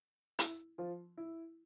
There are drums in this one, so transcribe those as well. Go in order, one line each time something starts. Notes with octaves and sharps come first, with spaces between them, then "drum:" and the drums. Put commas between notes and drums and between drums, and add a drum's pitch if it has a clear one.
E4, drum: hi-hat
F3 F4
E4